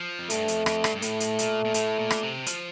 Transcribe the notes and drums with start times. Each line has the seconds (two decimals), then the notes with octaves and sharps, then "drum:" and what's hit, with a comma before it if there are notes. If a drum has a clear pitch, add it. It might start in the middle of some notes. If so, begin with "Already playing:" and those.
Already playing: F3
0.19 F2
0.30 G2 A3, drum: hi-hat
0.48 F2, drum: hi-hat
0.66 F2, drum: rim click
0.84 G2, drum: rim click
0.95 G2
1.02 A2 A3, drum: hi-hat
1.20 drum: hi-hat
1.39 A#2, drum: hi-hat
1.65 A#2
1.74 A2, drum: hi-hat
1.99 A#2
2.10 drum: rim click
2.23 C3
2.46 F3, drum: hi-hat